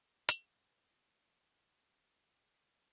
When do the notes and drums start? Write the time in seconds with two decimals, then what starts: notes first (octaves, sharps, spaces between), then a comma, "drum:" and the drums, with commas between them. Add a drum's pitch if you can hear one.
0.29 A1 F2, drum: hi-hat